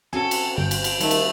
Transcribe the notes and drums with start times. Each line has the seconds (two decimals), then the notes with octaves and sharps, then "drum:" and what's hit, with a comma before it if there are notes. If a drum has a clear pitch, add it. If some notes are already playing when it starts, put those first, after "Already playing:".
0.13 C4 C#4 F#4 A4 G#5
0.31 drum: cymbal
0.58 G1 G5
0.71 drum: cymbal
0.84 drum: cymbal
1.01 D#3 G3 A3 C#4, drum: cymbal
1.11 drum: cymbal